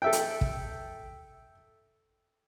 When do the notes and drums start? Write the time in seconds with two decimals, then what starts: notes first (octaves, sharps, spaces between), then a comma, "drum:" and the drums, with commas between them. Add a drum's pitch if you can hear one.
0.02 A4 E5 G5
0.13 drum: hi-hat
0.41 drum: kick